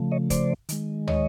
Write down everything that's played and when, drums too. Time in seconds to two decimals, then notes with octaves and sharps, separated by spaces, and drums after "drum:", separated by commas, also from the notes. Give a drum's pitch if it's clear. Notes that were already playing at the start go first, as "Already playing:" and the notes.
Already playing: C#3 F3 A3
0.12 C#5 D#5
0.30 C5 D5, drum: kick, hi-hat
0.69 D#3 G#3, drum: hi-hat
1.07 C#5 D#5, drum: tom